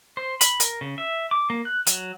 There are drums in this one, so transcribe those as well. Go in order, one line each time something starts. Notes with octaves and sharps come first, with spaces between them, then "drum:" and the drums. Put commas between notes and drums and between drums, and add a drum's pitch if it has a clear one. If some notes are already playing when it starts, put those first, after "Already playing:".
C5
B5, drum: hi-hat
A#4, drum: hi-hat
C#3
E5
D6
A#3
F#6
F#3, drum: hi-hat